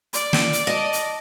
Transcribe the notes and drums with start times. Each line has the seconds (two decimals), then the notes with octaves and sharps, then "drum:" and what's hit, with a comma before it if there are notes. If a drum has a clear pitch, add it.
0.13 D5, drum: hi-hat
0.33 drum: snare
0.53 drum: hi-hat
0.67 D#5 A5
0.93 drum: hi-hat